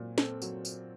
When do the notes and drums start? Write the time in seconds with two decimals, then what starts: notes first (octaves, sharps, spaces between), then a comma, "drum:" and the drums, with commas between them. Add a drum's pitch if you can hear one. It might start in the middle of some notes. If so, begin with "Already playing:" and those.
Already playing: A#2 F#3 C4
0.18 C4 A4, drum: snare
0.42 F#3, drum: tambourine
0.65 drum: tambourine